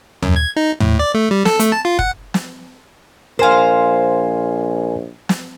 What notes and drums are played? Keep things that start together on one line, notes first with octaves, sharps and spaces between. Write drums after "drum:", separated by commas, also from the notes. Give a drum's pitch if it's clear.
F#2, drum: tom
G#6
D#4
A2, drum: tom
D5
A3
G3
A4, drum: snare
A3, drum: hi-hat
A5
F4
F#5, drum: kick
drum: snare
A#1 A#4 C5 F5 G#5
drum: snare